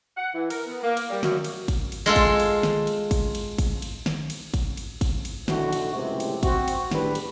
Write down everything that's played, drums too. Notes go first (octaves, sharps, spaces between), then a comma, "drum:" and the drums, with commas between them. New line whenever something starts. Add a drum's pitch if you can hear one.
F#5
E3
A#4, drum: cymbal
B3
A#3
drum: cymbal
G3
F#2, drum: snare
drum: cymbal
drum: kick, cymbal
drum: cymbal
G#3 F4 A4
drum: kick, cymbal
drum: cymbal
drum: snare
drum: cymbal
drum: kick, cymbal
drum: cymbal
drum: kick, cymbal
drum: cymbal
drum: snare
drum: cymbal
drum: kick, cymbal
drum: cymbal
drum: kick, cymbal
drum: cymbal
B1 A2 D3 E3 F#4, drum: snare
drum: cymbal
C#2 F#2 A2 C3
drum: cymbal
C4 F#4, drum: kick, cymbal
drum: cymbal
A1 E2 A2 G3 D4 B4, drum: snare
drum: cymbal